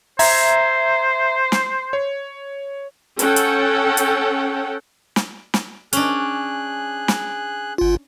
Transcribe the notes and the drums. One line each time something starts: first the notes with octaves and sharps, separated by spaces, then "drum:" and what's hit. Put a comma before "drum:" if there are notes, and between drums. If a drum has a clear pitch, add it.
C5 E5 A#5 G#6, drum: open hi-hat
drum: snare
C#5
C#4 A4 F#5 G5, drum: hi-hat
drum: hi-hat
drum: hi-hat
drum: snare
drum: snare
C#4 D4 G#4 F#6, drum: hi-hat
drum: snare
G1 F4